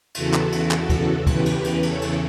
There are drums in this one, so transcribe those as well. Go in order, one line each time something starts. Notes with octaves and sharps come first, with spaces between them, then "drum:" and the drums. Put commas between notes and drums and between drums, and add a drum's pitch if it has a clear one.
E2 C#3 E3 F#4 A4, drum: cymbal
drum: clap
drum: cymbal
drum: clap
drum: kick, cymbal
G4 B4, drum: kick, cymbal
drum: cymbal
drum: cymbal
A4 C#5, drum: cymbal
drum: cymbal